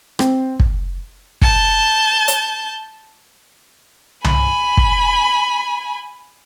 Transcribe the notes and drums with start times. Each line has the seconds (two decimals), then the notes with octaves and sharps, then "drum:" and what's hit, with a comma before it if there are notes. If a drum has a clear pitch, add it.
0.19 C4, drum: rim click
0.60 drum: kick
1.42 A5 G6, drum: kick
2.28 drum: hi-hat
4.24 G#5 B5, drum: tom C2
4.77 drum: kick